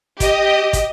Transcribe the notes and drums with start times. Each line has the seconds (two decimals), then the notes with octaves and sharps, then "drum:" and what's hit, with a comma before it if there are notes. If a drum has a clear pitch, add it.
0.20 G4 D#5, drum: kick, hi-hat
0.73 drum: kick, hi-hat